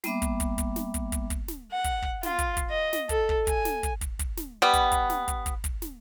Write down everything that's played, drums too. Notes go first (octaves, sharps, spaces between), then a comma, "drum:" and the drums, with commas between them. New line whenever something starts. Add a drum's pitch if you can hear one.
G3 A#3 B3 E5 D6, drum: snare
drum: kick, hi-hat
drum: kick, hi-hat
drum: kick, hi-hat
drum: snare
drum: kick, hi-hat
drum: kick, hi-hat
drum: kick, hi-hat
drum: snare
F#5
drum: kick, hi-hat
drum: kick
F4, drum: snare
drum: kick, hi-hat
drum: kick, hi-hat
D#5
drum: snare
A4, drum: kick, hi-hat
drum: kick
G#5, drum: kick, hi-hat
drum: snare
drum: kick, hi-hat
drum: kick, hi-hat
drum: kick, hi-hat
drum: snare
G3 B3
drum: kick, hi-hat
drum: kick, hi-hat
drum: snare
drum: kick, hi-hat
drum: kick, hi-hat
drum: kick, hi-hat
drum: snare